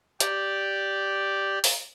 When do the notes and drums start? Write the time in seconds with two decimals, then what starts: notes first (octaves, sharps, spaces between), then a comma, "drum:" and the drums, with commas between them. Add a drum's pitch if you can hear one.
0.20 G4 D5, drum: hi-hat
1.64 drum: open hi-hat